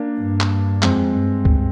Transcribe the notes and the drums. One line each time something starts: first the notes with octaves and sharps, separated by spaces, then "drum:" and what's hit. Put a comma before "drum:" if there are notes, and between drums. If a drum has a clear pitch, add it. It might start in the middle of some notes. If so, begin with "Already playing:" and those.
Already playing: A#3 D4
G2
drum: clap
F2 G#3 C4, drum: clap
G2
drum: kick C#2